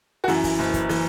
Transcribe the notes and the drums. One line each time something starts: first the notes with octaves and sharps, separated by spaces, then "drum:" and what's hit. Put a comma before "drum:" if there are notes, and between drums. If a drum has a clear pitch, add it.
F#4
F#2 E3 E4, drum: open hi-hat
drum: kick, open hi-hat
F#1, drum: snare
drum: kick, hi-hat
E3, drum: open hi-hat